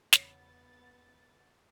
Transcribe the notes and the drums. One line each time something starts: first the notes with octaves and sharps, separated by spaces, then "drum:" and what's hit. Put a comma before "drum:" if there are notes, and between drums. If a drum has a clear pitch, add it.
E2 C#3 B3 C#5 A6, drum: snare